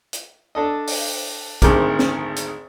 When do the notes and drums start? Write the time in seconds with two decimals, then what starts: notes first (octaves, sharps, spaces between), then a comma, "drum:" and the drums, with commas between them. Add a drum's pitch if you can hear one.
0.13 drum: hi-hat
0.55 D4 A4 D#5
0.87 drum: open hi-hat
1.62 G#1 D2 D#3 G#3 A#4 D6, drum: kick, hi-hat
1.99 drum: snare
2.36 drum: hi-hat